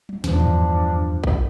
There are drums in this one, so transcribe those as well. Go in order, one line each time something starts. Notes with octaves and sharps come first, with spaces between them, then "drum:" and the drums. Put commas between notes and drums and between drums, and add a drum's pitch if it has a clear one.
drum: tom F#3
E2 G2 F3 D4, drum: snare
drum: tom G2
drum: kick A#1